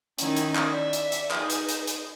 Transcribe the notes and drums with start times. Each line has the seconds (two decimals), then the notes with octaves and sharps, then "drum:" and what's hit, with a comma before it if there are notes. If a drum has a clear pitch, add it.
0.18 D#3 C#4 D#4 E4, drum: hi-hat
0.36 drum: hi-hat
0.55 drum: clap
0.69 D5 E5
0.93 drum: hi-hat
1.12 drum: hi-hat
1.31 D#4 G#4 B4, drum: clap
1.50 drum: hi-hat
1.69 drum: hi-hat
1.87 drum: hi-hat